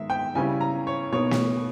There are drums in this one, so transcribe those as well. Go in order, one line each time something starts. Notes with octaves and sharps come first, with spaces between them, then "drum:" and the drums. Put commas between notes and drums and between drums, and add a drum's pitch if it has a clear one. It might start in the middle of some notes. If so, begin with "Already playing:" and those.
Already playing: D#3 G#3 D#4 E5
G5
C#3 G3 C#4 E4 G#5
A#5
C#5
B2 A#3 D#4 C#5
drum: snare